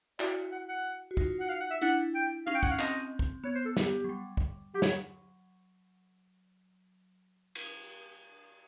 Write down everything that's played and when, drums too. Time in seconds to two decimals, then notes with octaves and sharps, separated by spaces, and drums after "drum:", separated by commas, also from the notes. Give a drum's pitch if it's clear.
0.20 E4 F#4 D5, drum: clap
0.52 F#5
0.68 F#5
1.11 F#4
1.17 D#4 F4, drum: kick
1.40 F#5
1.49 F5
1.60 F#5
1.71 E5
1.81 D4 E4 F#5
2.15 G5
2.46 C#4 D#4 F5
2.55 G5
2.63 C#4 F#5, drum: kick
2.71 F5
2.79 C4 D#5, drum: clap
3.19 drum: kick
3.44 B3 C#5
3.55 C5
3.66 A4
3.77 G4, drum: snare
4.04 F#3
4.09 G3
4.37 drum: kick
4.74 F#3 G4
4.82 C#5, drum: snare
7.55 drum: cymbal